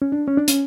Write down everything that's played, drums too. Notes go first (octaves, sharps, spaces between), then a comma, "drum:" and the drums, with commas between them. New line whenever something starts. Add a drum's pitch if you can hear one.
C#4
D4
C#4
D4
C#4, drum: hi-hat